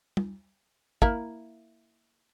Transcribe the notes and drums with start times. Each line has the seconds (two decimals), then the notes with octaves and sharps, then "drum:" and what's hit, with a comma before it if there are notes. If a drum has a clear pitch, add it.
0.17 drum: tom
1.02 A#3 E4 A#4, drum: kick